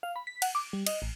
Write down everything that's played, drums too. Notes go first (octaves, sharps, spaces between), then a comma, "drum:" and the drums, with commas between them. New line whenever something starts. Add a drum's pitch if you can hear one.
F5
B5
B6
F#5, drum: cymbal
D6
G3
D#5, drum: cymbal
A1